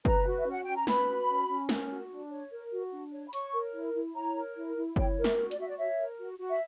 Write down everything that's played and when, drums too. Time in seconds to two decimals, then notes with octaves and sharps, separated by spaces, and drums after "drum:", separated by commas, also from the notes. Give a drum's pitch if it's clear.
0.05 B4 A#5, drum: kick F#1
0.26 F#4
0.39 E5
0.47 C#4 F#5
0.64 C#4 G5
0.76 A#5
0.87 B4 B5, drum: snare
1.08 F#4
1.28 C#4
1.49 C#4
1.69 A#4, drum: snare
1.90 F#4
2.10 D4
2.30 C#5
2.51 A#4
2.71 F#4
2.92 D4
3.12 C#5
3.27 B5
3.33 C#5 C#6, drum: hi-hat
3.53 A#4
3.74 E4
3.94 E4
4.15 C#5 A#5
4.36 A#4
4.56 E4
4.77 E4
4.96 C#5 G5, drum: kick F#1
5.17 A#4
5.24 E5, drum: snare
5.37 F#4
5.51 D5, drum: hi-hat
5.58 F#4 E5
5.69 D5
5.78 C#5 E5
6.00 A#4
6.20 F#4
6.40 F#4
6.49 E5